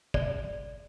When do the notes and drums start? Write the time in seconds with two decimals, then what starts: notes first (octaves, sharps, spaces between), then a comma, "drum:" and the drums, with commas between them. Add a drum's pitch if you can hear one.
0.14 D5, drum: kick